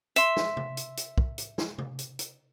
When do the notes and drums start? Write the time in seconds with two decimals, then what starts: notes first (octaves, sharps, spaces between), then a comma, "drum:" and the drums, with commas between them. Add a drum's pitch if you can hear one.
0.16 E5 C6, drum: hi-hat
0.37 drum: snare
0.57 drum: tom C3
0.77 drum: hi-hat
0.97 drum: hi-hat
1.18 drum: kick
1.38 drum: hi-hat
1.58 drum: snare
1.78 drum: tom C3
1.99 drum: hi-hat
2.19 drum: hi-hat